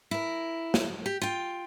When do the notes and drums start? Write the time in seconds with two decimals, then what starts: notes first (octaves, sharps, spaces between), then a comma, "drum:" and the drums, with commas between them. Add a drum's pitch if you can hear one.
0.11 E4 A#4
0.74 drum: snare
1.06 G4
1.22 F4 G5